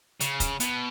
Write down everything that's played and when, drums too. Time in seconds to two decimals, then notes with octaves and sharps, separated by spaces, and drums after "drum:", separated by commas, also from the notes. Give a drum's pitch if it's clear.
0.20 C#3, drum: hi-hat
0.40 drum: kick, hi-hat
0.60 B2, drum: hi-hat